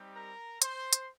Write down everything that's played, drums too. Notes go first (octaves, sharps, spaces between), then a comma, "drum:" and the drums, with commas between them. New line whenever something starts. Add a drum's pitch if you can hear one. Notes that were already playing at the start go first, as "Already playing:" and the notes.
Already playing: G3 C4 D#4 G4
A#4 A#5
C5 C6, drum: hi-hat
drum: hi-hat